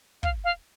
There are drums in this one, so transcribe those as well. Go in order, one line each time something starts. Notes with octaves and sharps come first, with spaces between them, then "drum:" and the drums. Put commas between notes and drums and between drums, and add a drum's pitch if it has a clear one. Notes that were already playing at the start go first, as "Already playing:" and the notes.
F5, drum: kick
F5